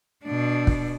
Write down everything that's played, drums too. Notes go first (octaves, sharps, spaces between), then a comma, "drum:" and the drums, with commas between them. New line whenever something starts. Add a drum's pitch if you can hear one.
B2 D4
drum: kick